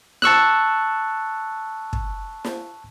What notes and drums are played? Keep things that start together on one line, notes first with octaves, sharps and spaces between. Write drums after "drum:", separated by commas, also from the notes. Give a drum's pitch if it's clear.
A5 C#6 E6 F#6, drum: snare
drum: kick
drum: snare